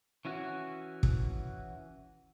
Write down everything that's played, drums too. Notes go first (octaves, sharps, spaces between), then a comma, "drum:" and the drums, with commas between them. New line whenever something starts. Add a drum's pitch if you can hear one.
E3 C#4 E4 F#4
drum: kick